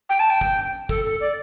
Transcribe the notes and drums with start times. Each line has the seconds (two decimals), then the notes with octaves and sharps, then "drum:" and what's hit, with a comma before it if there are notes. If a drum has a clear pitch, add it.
0.10 G5
0.20 A5
0.30 G5
0.41 drum: kick
0.89 A4, drum: kick
1.04 A4
1.21 D5